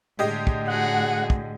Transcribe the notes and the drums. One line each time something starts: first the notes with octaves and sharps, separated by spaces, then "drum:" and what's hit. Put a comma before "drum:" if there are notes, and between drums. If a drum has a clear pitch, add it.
A2 D3 G#3 G4 D#5
drum: kick
F#4 G#4 F#5
drum: kick